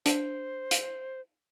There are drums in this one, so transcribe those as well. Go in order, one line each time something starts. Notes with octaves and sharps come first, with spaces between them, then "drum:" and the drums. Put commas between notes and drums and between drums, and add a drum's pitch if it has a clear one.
D4 C5, drum: hi-hat
drum: hi-hat